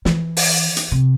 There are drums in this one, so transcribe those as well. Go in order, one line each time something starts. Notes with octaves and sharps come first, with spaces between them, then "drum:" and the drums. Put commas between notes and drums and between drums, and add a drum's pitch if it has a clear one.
E3, drum: snare
drum: open hi-hat
drum: hi-hat
C3